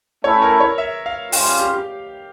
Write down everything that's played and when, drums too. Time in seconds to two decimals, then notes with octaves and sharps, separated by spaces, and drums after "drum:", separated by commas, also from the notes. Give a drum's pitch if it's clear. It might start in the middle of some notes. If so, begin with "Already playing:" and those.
0.24 A3 C#4 E4 C#5
0.42 A#4
0.60 C#5
0.78 E5
1.06 F5
1.32 G3 C#4 F4 G5, drum: open hi-hat
1.46 F5
1.59 G4
1.74 G4